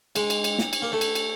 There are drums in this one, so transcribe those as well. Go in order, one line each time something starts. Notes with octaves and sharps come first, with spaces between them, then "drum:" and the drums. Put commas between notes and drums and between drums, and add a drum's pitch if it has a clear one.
G#3, drum: cymbal
drum: cymbal
drum: cymbal
drum: snare
drum: cymbal
A#3
A3
drum: cymbal
drum: cymbal